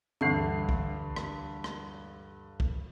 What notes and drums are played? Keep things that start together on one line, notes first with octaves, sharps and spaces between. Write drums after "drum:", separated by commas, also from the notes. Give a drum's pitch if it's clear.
D2 G2 D3 E3 C#6 C7
drum: kick
drum: rim click
drum: rim click
drum: kick